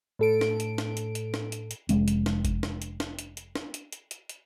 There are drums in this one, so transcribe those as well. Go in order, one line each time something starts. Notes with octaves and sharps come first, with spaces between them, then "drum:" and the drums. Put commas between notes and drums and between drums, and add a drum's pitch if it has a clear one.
A2 A4 D7
drum: snare
drum: hi-hat
drum: snare
drum: hi-hat
drum: hi-hat
drum: snare
drum: hi-hat
drum: hi-hat
F1 G#3 C#4, drum: hi-hat
drum: hi-hat
drum: snare
drum: kick F#1, hi-hat
drum: snare
drum: hi-hat
drum: snare
drum: hi-hat
drum: hi-hat
drum: snare
drum: hi-hat
drum: hi-hat
drum: hi-hat
drum: hi-hat